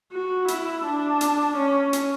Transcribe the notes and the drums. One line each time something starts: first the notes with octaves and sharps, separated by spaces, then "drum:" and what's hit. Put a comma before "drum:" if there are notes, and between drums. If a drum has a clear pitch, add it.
F#4
E4, drum: hi-hat
D4
drum: hi-hat
C#4
drum: hi-hat